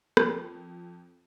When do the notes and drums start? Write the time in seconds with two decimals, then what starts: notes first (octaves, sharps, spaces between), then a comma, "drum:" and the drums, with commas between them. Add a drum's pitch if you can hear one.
0.17 F2, drum: rim click